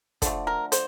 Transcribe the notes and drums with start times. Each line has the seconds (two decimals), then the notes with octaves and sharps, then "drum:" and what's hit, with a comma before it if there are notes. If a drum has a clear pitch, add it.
0.22 D3 F3 A3, drum: kick, hi-hat
0.47 A#4
0.72 C5, drum: hi-hat